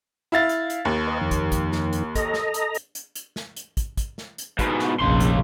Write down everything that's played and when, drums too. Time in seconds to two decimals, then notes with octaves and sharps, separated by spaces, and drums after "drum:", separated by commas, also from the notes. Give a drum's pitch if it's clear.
0.32 E4 F5 A6
0.49 drum: hi-hat
0.70 drum: hi-hat
0.85 D#2
1.07 B4 D#5
1.21 F2 D#3
1.31 drum: kick, hi-hat
1.52 drum: kick, hi-hat
1.72 drum: snare
1.93 drum: hi-hat
2.15 A4 D#5 A#5, drum: kick, hi-hat
2.34 drum: snare
2.54 drum: hi-hat
2.75 drum: hi-hat
2.95 drum: hi-hat
3.16 drum: hi-hat
3.36 drum: snare
3.56 drum: hi-hat
3.77 drum: kick, hi-hat
3.97 drum: kick, hi-hat
4.18 drum: snare
4.38 drum: hi-hat
4.59 G#2 B2, drum: kick, hi-hat
4.79 drum: snare
5.01 F1 A#1 C#3 C6
5.20 drum: hi-hat